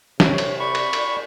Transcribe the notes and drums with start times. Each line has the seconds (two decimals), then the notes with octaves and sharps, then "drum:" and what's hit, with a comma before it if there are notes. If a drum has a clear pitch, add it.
0.20 C3 C#5, drum: snare
0.38 drum: cymbal
0.60 D5 B5 C#6
0.75 drum: cymbal
0.93 drum: cymbal